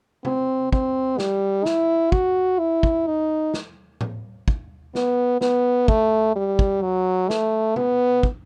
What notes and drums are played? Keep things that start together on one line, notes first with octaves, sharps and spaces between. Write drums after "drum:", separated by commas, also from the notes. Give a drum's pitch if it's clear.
C4, drum: tom C3
C4, drum: kick
G3, drum: snare
E4, drum: snare
F#4, drum: kick
E4
drum: kick
D#4
drum: snare
drum: tom A2
drum: kick
B3, drum: snare
B3, drum: snare
A3, drum: kick
G3
drum: kick
F#3
A3, drum: snare
B3, drum: tom C3
drum: kick